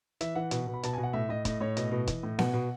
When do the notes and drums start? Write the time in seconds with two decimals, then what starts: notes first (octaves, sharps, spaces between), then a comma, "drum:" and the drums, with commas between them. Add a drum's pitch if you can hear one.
0.21 E3 E5, drum: hi-hat
0.35 E3 F#5
0.51 B2, drum: hi-hat
0.67 B2
0.74 B5
0.83 B2 A5, drum: hi-hat
0.93 B2 G#5
1.03 F#5
1.13 A2 E5
1.29 A2 D#5
1.45 A2 D#5, drum: kick, hi-hat
1.61 A2 C#5
1.77 B2 D#5, drum: hi-hat
1.91 B2
2.07 E3, drum: kick, hi-hat
2.23 A2
2.39 B2 F#5, drum: snare B3
2.54 B2